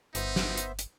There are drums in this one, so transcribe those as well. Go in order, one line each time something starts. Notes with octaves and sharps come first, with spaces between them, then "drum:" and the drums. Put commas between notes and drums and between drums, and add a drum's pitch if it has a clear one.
G1 B3 D#4 C5 E5, drum: hi-hat
drum: snare
drum: hi-hat
drum: hi-hat